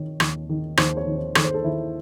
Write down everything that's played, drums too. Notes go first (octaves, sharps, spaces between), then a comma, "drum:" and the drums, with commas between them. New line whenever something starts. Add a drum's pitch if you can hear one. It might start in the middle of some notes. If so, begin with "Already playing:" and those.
Already playing: D#3 C#5
D#2, drum: rim click
D#3
D#2 C5, drum: rim click
C#5
D#3
C5
D#2 A4, drum: rim click
C5
A4
D#3 E4